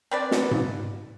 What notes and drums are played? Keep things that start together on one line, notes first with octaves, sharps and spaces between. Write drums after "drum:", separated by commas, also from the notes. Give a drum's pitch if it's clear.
C4 B4 D5
drum: snare
drum: tom G#2